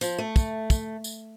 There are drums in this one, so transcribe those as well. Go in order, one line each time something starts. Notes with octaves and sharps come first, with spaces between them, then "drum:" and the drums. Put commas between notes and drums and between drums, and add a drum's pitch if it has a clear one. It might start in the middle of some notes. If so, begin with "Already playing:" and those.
F3, drum: tambourine
A3
drum: kick, tambourine
drum: kick, tambourine
drum: tambourine